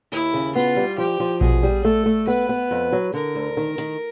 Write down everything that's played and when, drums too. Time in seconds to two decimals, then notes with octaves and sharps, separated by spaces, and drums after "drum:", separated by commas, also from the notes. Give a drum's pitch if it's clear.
0.12 D#2 E4
0.34 C#3
0.55 B3 F4
0.76 G3
0.98 F3 G4
1.20 F3
1.41 B2 G#4, drum: kick A#1
1.63 G3
1.85 A3 A4
2.06 A3
2.27 B3 B4
2.49 B3
2.71 F2
2.92 F#3
3.14 D3 A#4
3.35 D2
3.57 D#3
3.78 D#3, drum: hi-hat